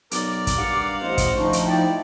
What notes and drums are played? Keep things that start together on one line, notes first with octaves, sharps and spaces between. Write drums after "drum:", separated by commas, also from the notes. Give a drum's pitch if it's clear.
B1 A#4 D5 D6, drum: hi-hat
drum: kick, hi-hat
G2 F5 F#5
A1 C5 D#5
drum: kick, hi-hat
D2 F3 D#4 C#6
drum: hi-hat
A2 E4 D5 G5